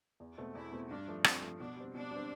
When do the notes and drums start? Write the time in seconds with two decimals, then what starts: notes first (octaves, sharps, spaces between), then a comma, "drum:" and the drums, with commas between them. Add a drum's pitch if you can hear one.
0.20 E2
0.38 B2 A3 C4
0.55 E2 E4
0.72 B2 A3 C4
0.90 G2 D4
1.08 F3 A3
1.24 G2 C4, drum: rim click
1.42 F3 A3
1.59 B2 D4
1.77 G3 C4
1.94 B2 D4
2.11 G3 C4